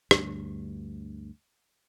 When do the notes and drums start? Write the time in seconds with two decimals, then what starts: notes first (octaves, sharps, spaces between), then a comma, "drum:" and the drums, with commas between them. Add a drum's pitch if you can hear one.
0.11 D2 G2, drum: rim click